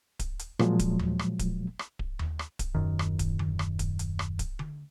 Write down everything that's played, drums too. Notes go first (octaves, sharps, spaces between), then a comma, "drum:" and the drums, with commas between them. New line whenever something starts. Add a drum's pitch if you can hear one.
drum: kick D1, hi-hat
drum: hi-hat
A#2 F3 F#3 G#3, drum: rim click
drum: kick D1, hi-hat
drum: tom D#2
drum: rim click
drum: kick D1, hi-hat
drum: rim click
drum: kick D1
drum: tom D#2
drum: rim click
drum: kick D1, hi-hat
D#1 B1 F#2 D#3
drum: rim click
drum: kick D1, hi-hat
drum: tom D3
drum: rim click
drum: kick D1, hi-hat
drum: hi-hat
drum: rim click
drum: kick D1, hi-hat
drum: tom D3